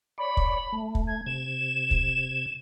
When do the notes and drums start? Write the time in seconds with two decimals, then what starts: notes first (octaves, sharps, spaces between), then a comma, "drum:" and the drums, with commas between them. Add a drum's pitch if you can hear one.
0.18 C#5 D5 B5
0.37 drum: kick
0.73 A3
0.95 drum: kick
1.07 G#6
1.26 C3 G#6 E7
1.91 drum: kick